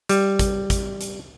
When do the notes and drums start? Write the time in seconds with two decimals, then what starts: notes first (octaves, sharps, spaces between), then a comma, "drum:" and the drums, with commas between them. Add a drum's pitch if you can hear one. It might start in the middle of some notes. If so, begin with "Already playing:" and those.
0.09 G3, drum: hi-hat
0.39 drum: kick, hi-hat
0.70 drum: kick, hi-hat
1.01 drum: hi-hat